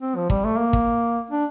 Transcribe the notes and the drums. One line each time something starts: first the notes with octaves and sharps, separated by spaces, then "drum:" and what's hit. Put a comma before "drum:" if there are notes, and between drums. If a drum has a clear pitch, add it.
C4
F3
G3, drum: kick
A3
A#3
drum: kick
D4